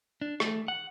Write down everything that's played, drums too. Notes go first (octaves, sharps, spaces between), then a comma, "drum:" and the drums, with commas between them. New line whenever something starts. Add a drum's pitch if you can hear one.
D4
A3, drum: rim click
F#5